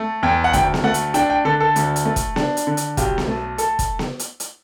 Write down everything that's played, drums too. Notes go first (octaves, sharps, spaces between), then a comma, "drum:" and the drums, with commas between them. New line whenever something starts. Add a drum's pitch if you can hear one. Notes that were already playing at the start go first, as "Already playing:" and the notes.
Already playing: A3
E2 G5
F#5
D2 G5, drum: kick, hi-hat
drum: snare B3
A3 F#5
drum: hi-hat
D4 G5, drum: hi-hat
G5
D3 A4
A4
D2, drum: hi-hat
drum: hi-hat
A3
drum: kick, hi-hat
D4, drum: snare B3
drum: hi-hat
D3
drum: hi-hat
B1 G4, drum: kick, hi-hat
drum: snare B3
A3
A4, drum: hi-hat
drum: kick, hi-hat
drum: snare B3
drum: hi-hat
drum: hi-hat